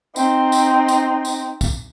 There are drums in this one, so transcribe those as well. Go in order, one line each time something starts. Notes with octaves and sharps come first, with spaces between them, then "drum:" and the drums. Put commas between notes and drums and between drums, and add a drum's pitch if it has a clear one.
C4 D#4, drum: tambourine
drum: tambourine
drum: tambourine
drum: tambourine
drum: kick, tambourine